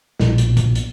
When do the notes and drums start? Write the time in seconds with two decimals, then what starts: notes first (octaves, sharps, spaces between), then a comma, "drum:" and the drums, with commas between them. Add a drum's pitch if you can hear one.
0.19 A#1 B2 F3, drum: snare
0.38 drum: hi-hat
0.57 drum: kick, hi-hat
0.75 drum: hi-hat